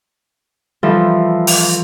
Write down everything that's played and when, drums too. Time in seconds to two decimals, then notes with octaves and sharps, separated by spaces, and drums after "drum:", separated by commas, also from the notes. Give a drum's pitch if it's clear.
0.83 E3 F3 G3 F4 A4
1.47 drum: open hi-hat